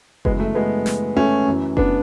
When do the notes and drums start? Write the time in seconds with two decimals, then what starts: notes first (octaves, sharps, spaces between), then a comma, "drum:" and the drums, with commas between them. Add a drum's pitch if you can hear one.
0.25 F#2 C#3 E3 G#3 B3, drum: kick F#1
0.40 A3
0.55 G#3 B3
0.86 drum: snare
1.16 A3 C#4
1.47 F#2 E3
1.77 B3 D4, drum: kick F#1